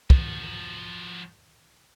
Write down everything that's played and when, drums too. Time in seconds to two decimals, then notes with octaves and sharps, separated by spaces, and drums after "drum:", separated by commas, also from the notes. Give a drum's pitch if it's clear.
0.10 F3 F#4, drum: kick